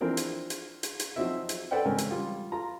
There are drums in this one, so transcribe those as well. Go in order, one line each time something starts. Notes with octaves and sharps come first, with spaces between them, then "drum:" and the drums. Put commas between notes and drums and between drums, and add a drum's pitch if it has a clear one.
E3 F3 C4 D4 A#4
drum: hi-hat
drum: hi-hat
drum: hi-hat
drum: hi-hat
F3 F#3 C4 D#4 F#4 E5
drum: hi-hat
A4 B4 C5 D5 F#5 G5
G#2 C#3 C4 A#4 G#5
drum: hi-hat
G3 F4
F4 A#5